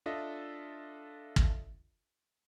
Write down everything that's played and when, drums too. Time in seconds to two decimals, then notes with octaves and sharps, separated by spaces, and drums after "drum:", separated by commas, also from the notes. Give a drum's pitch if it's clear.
0.06 D4 F4 A4 D#5 E5
1.36 drum: kick